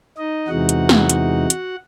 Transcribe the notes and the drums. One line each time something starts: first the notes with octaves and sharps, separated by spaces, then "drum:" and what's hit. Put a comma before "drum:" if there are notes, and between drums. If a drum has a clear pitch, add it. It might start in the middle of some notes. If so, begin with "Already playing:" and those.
D#4 D#5
E2 C3 E3 G#3 D#4 F#4 F#5
drum: hi-hat
drum: snare
drum: hi-hat
drum: hi-hat